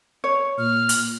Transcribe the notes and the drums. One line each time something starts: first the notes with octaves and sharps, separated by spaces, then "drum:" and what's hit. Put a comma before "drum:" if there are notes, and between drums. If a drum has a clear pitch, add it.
C#5
A#2 F6
drum: hi-hat